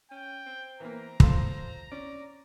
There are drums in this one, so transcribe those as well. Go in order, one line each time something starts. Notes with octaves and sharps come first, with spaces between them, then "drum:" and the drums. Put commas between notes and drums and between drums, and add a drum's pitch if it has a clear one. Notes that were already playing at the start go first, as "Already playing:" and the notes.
C#4 G5
C4
E3 A#3 A#5
F4 A4 C5 F5, drum: kick
C#4 D5